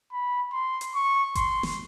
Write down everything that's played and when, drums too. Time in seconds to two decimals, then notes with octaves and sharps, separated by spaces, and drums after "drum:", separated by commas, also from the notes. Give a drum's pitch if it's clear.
0.13 B5
0.53 C6
0.81 drum: hi-hat
0.95 C#6
1.35 C6, drum: kick G1, hi-hat
1.63 drum: snare